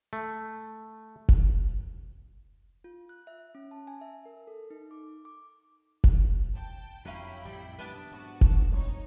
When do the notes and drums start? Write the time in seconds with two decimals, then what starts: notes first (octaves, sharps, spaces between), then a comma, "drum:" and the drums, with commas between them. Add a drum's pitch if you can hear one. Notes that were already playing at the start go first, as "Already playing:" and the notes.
0.13 A3
1.29 drum: kick F1
2.84 F4
3.09 F#6
3.27 E5
3.55 C#4
3.71 A5
3.87 G#5
4.01 E5
4.25 A#4
4.47 A4
4.70 D#4
4.91 D6
5.25 D6
6.04 drum: kick F1
6.54 G5 A5
7.05 F2 D3 F#3 C#4 E4 F5 G5 B5
7.45 A1 F2 G3
7.79 F#2 B2 E3 B3 D4
8.12 G#2 F#4 A5
8.41 drum: kick F1
8.72 G3 G#3 C4 D#4 C#5